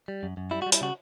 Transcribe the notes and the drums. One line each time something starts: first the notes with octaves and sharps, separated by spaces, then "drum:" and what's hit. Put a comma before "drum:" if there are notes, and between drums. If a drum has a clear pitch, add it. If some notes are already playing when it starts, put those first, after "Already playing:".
G3
F#2
F#2
G3 E4
G3 F#4
E4, drum: hi-hat
C#3 F#4